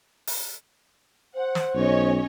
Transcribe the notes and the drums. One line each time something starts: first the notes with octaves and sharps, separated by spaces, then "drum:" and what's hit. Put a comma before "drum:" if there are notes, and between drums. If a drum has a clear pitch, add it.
drum: open hi-hat
C5 F#5
drum: snare
B1 C#4 C#5 D#5